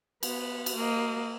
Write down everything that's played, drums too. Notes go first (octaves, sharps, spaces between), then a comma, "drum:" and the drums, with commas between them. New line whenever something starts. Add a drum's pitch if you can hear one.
B3, drum: cymbal
drum: cymbal
A#3 D#5